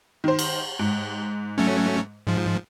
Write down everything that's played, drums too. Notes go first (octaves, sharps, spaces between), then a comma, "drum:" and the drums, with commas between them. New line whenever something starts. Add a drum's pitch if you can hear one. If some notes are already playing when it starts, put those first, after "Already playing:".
D#3 C5
drum: cymbal
G#2
F#3 A3 C#4
G#2 F3